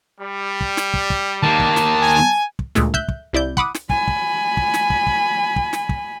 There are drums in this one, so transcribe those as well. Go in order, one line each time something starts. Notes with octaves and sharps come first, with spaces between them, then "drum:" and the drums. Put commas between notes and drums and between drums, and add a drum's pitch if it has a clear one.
G3
drum: kick
drum: snare
drum: kick
drum: kick
D#3 A#3 A5
drum: kick
drum: snare
G#5
drum: kick
D2 A#2 G#3 A3, drum: snare
E5 F#6 G6, drum: kick
drum: kick
C2 E4 D5 G6
F#5 B5 D6 D#6, drum: kick
drum: snare
G#5 B5, drum: kick
drum: kick
drum: kick
drum: snare
drum: kick
drum: kick
drum: kick
drum: snare
drum: kick